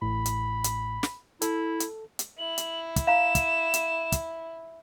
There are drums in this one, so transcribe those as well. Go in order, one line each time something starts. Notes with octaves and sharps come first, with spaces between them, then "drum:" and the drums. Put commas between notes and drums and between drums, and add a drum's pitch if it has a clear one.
A1 A2 B5
drum: hi-hat
drum: hi-hat
drum: snare
E4 A4, drum: hi-hat
drum: hi-hat
drum: hi-hat
E4 F#7
drum: hi-hat
drum: kick, hi-hat
F5 A#5 E7
drum: kick, hi-hat
drum: hi-hat
drum: kick, hi-hat